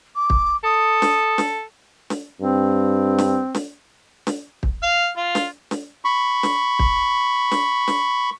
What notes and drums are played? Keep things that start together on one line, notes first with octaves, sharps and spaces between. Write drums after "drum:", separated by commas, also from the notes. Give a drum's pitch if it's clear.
D6
drum: kick
A4 D#6
drum: snare
drum: snare
drum: snare
G2 C4
drum: snare
drum: snare
drum: snare
drum: kick
F5
F4
drum: snare
drum: snare
B5 C#6
drum: snare
drum: kick
drum: snare
drum: snare